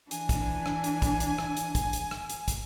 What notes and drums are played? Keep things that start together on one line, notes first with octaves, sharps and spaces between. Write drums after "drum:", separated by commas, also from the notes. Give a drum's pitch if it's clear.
E3 D4 G#5, drum: hi-hat
drum: kick, hi-hat
drum: rim click
drum: hi-hat
drum: kick, hi-hat
drum: hi-hat
drum: rim click
drum: hi-hat
drum: kick, hi-hat
drum: hi-hat
drum: rim click
drum: hi-hat
drum: kick, hi-hat